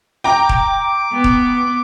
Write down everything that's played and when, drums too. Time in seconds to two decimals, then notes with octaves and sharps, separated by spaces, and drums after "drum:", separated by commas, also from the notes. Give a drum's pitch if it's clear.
0.24 G5 A#5 D6
0.49 drum: kick D#1
1.13 B3
1.24 drum: kick D#1